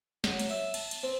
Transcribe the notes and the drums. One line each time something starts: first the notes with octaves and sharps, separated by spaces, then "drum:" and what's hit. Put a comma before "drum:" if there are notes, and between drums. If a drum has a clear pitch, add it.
F#3, drum: snare
drum: cymbal
E5
A5, drum: cymbal
drum: cymbal
C4